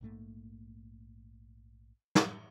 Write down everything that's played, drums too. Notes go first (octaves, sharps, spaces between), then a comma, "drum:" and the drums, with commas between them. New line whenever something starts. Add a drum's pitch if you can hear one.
A#1 G#2 A3 A#3
drum: snare